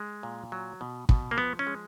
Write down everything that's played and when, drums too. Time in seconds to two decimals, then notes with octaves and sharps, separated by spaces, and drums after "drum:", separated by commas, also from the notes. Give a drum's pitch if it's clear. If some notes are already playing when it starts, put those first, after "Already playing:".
Already playing: G#3
0.23 A#2
0.52 F#3
0.81 B2
1.09 B2, drum: kick
1.31 A#3
1.37 F3 B3
1.59 C#4
1.67 G#3